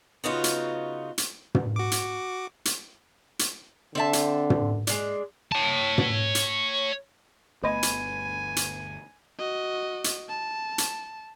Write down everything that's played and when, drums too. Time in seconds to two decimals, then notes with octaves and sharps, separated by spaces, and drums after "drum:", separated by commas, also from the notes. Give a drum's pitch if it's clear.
0.24 C#3 B3 D#4 F4 F#4
0.44 drum: hi-hat
1.18 drum: hi-hat
1.55 drum: tom
1.76 F#4 D6
1.92 drum: hi-hat
2.65 drum: hi-hat
3.39 drum: hi-hat
3.95 D3 C4 E5 A5
4.13 drum: hi-hat
4.50 drum: tom
4.87 G#3 D4, drum: hi-hat
5.52 C#5 A5
5.98 drum: tom
6.35 drum: hi-hat
7.64 G1 D2 A3 B3 B4 D#5 G#5
7.83 drum: hi-hat
8.56 drum: hi-hat
9.39 F#4 D#5
10.04 drum: hi-hat
10.29 A5
10.78 drum: hi-hat